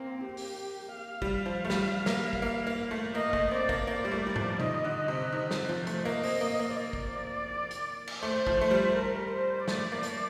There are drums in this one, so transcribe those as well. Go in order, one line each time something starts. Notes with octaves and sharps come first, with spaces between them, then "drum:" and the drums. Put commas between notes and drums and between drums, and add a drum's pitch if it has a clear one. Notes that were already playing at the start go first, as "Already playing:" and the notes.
Already playing: A#3 C4
G4
drum: open hi-hat
F5
G3, drum: kick
F3
A3
G3, drum: snare
A#3, drum: snare
drum: kick
A#3
A#3
A3
A#3 D#5
A3, drum: kick
C4 D5
A#3, drum: kick
A#3 D5
G3
A3
G3
F3, drum: tom G#2
D#3 D#5, drum: tom B2
D3
D#5
C3
D#3
F3, drum: snare
F3
A3, drum: hi-hat
A#3 D#5
C4, drum: open hi-hat
A#3
A#3
D5
drum: kick
drum: hi-hat
drum: cymbal
A3 C5
F3, drum: kick
A3
G3
A#4
C5
A3 D5, drum: snare
A#3
drum: hi-hat